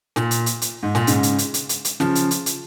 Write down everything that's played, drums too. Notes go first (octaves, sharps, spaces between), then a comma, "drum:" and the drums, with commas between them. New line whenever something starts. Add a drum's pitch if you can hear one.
A#2, drum: snare
drum: hi-hat
drum: hi-hat
drum: hi-hat
G#2
A#2, drum: snare
G#2 C#3, drum: hi-hat
drum: hi-hat
drum: hi-hat
drum: hi-hat
drum: hi-hat
drum: hi-hat
C#3 F3, drum: snare
drum: hi-hat
drum: hi-hat
drum: hi-hat